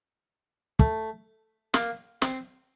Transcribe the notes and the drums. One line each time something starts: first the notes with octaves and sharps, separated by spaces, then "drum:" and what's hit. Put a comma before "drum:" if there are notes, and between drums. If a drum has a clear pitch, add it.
A3, drum: kick
A#3, drum: snare
C4, drum: snare